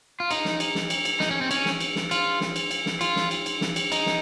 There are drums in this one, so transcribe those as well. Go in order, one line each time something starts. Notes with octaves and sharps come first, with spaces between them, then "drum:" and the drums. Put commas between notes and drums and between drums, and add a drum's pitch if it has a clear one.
F4
D#4, drum: cymbal
drum: snare
drum: cymbal
drum: snare
drum: cymbal
drum: cymbal
D#4, drum: snare
C#4
C4
C#4, drum: cymbal
drum: snare
drum: cymbal
drum: snare
F4, drum: cymbal
drum: snare
drum: cymbal
drum: cymbal
drum: snare
F4, drum: cymbal
drum: snare
drum: cymbal
drum: cymbal
drum: snare
drum: cymbal
D#4, drum: cymbal
drum: snare